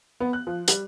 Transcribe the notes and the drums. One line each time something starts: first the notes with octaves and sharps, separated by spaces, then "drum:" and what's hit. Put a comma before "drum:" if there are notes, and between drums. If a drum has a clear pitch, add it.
B3
F#6
F3
G3, drum: hi-hat